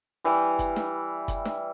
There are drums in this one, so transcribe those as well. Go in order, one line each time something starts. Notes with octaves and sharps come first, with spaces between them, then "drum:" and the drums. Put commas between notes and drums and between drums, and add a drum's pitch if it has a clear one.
E3 G3
drum: kick F#1, hi-hat
drum: snare
drum: kick F#1, hi-hat
drum: snare